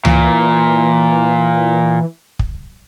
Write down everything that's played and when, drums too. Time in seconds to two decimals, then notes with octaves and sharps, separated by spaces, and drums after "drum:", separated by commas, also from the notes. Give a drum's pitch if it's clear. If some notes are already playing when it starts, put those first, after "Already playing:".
0.05 A#2 E3, drum: tom C#2
2.39 drum: kick